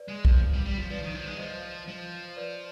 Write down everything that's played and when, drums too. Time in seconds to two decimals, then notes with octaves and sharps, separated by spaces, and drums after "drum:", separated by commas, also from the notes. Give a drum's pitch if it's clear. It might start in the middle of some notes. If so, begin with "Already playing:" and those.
Already playing: B4 D5
0.08 G#3
0.25 F3, drum: kick B1
0.53 G3
0.66 G3
0.78 F3
0.91 F3 B4 D5
1.03 D#3
1.15 F3
1.27 G#3
1.38 F3 C5 D#5
1.88 F3
2.37 B4 D5